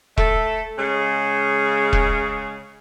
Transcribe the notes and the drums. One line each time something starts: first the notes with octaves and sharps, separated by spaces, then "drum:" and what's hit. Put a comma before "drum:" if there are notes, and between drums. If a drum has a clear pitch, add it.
A3 A4, drum: kick E1
C#3 G#3
drum: kick E1